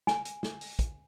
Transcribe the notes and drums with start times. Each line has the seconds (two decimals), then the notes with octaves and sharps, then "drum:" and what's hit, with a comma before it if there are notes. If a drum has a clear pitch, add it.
0.07 G#5, drum: snare
0.25 drum: hi-hat
0.43 drum: snare
0.61 drum: open hi-hat
0.79 drum: kick, hi-hat